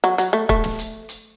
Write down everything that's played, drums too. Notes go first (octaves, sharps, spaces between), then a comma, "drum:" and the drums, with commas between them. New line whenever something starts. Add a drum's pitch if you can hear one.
F#3
F#3, drum: hi-hat
A3
A3, drum: kick
drum: snare
drum: hi-hat
drum: hi-hat